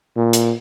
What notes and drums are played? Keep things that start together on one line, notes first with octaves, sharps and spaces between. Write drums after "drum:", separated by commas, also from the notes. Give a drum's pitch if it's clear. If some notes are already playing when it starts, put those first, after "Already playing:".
A#2
drum: hi-hat